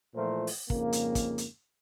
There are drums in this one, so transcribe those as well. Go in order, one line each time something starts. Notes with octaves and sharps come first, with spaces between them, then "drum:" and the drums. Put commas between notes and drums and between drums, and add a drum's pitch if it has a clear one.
A#2 E3 F3 A3 A#4 C5
drum: open hi-hat
F2 G#2 C#3 A#3, drum: kick
drum: hi-hat
drum: kick, hi-hat
drum: hi-hat